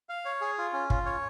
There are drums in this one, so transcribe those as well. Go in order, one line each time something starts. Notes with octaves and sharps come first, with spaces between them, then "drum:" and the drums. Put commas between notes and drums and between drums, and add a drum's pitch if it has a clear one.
F5
C#5
G#4
F4
C#4
F4, drum: kick
C#5